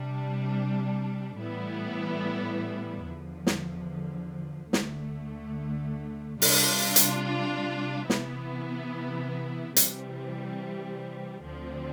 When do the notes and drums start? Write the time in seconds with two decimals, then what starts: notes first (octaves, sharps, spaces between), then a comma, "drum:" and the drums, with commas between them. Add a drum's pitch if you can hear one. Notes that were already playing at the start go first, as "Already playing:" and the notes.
Already playing: C3 G3 D4
1.39 A2 E3 G3 B3 E4
3.06 E2 D3 F3
3.47 drum: snare
4.73 D2 D3 A3, drum: snare
6.42 C3 G3 D4 F4, drum: open hi-hat
6.96 drum: hi-hat
8.10 C3 E3 B3 E4, drum: snare
9.76 C3 E3 G3 C4, drum: hi-hat
11.45 D2 D3 F3 C4